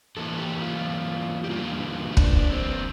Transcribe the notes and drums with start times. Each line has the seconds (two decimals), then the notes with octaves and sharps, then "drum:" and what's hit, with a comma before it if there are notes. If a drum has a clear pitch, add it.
0.17 E2 E3 A#3 A4
0.38 G4
0.61 F4
1.44 G4
1.49 E2 D3 G3 A#3 F4
2.12 E4
2.17 D4, drum: kick
2.50 C4